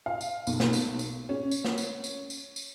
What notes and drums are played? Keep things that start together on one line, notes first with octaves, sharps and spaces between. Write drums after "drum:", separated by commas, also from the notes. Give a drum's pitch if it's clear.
F5
drum: tambourine
B1, drum: tambourine
drum: snare
drum: tambourine
drum: tambourine
C#4
drum: tambourine
drum: snare
drum: tambourine
drum: tambourine
drum: tambourine
drum: tambourine